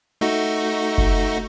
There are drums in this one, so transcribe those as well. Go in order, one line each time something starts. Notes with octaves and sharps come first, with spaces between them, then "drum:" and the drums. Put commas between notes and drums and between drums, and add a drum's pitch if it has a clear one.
A3 D#4 F#4
drum: kick F#1